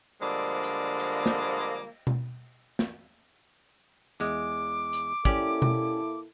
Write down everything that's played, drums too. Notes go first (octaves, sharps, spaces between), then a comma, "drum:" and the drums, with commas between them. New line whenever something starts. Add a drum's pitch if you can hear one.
D3 F3 G3 G#3 A#3
drum: hi-hat
drum: cymbal
drum: snare
drum: tom B2
drum: snare
E2 G#3 D6, drum: hi-hat
drum: hi-hat
A#3 C#4 E4 G4 A4 D5, drum: kick
drum: tom B2